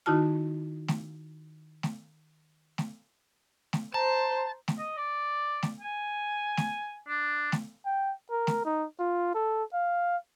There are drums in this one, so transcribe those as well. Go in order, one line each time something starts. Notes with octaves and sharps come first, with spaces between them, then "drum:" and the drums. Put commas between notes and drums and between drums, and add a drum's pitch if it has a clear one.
D#3 D#4 E4 F#4 A5 F6
drum: snare A3
drum: snare A3
drum: snare A3
drum: snare A3
C5 A5 A#5
drum: snare A3
D#5
D5
drum: snare A3
G#5
drum: snare A3
D4
drum: snare A3
G5
A#4
drum: snare A3
D#4
F4
A4
F5